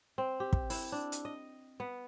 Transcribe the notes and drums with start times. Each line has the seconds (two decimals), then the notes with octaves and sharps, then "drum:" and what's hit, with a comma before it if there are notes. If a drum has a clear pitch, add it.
0.18 C4
0.40 G4
0.53 drum: kick
0.70 E4, drum: open hi-hat
0.92 D4
1.12 drum: hi-hat
1.25 D#5
1.80 B3